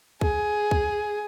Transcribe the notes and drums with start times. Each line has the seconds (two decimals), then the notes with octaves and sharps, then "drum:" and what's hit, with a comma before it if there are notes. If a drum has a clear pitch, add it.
0.21 G#4, drum: kick
0.71 drum: kick